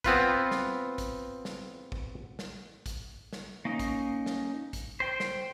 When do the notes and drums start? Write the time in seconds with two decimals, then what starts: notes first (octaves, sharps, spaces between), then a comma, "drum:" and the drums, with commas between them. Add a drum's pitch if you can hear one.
0.04 B3 C4 F4 B4, drum: kick, hi-hat
0.51 drum: snare
0.98 drum: kick, hi-hat
1.45 drum: snare
1.92 drum: kick
2.39 drum: snare
2.86 drum: kick, hi-hat
3.33 drum: snare
3.65 A#3 C#4 D#4
3.79 drum: kick, hi-hat
4.26 drum: snare
4.73 drum: kick, hi-hat
5.00 C5 G5
5.20 drum: snare